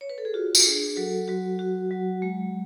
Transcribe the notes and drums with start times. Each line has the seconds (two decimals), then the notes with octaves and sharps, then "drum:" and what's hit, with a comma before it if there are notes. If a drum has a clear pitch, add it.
0.01 C#5
0.09 B4
0.18 A4
0.25 G#4
0.34 F4 F#4
0.55 drum: tambourine
0.65 D4 G#4
0.96 F#3 F#4 A4
1.28 F#3 F#4
1.59 F#4
1.91 F#3
2.22 G#3